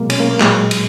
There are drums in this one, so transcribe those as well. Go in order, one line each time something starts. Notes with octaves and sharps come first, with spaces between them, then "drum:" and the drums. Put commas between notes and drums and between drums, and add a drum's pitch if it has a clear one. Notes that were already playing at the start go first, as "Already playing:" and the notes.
Already playing: B2 F#3 G#3 A#3
C#4, drum: cymbal
A#3
A#3
A#2 F#3 G#3, drum: clap
drum: cymbal